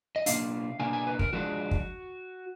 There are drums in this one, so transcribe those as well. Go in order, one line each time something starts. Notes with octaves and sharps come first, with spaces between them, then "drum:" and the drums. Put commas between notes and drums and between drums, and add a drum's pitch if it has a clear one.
D#5
B2 A#3 D4 F5, drum: hi-hat
B2 A#3 D4 G#5
G#5
B4
A#4, drum: kick
F3 G#3 D4 F#4
drum: kick